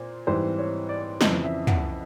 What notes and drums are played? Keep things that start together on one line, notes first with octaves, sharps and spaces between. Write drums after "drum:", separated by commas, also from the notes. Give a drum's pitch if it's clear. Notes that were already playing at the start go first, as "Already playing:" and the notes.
Already playing: A#2 C5
G#2 E3 G3 C4 C5
C#5
D5
F2 C#3 E3 D#5, drum: snare
E5
F#5, drum: tom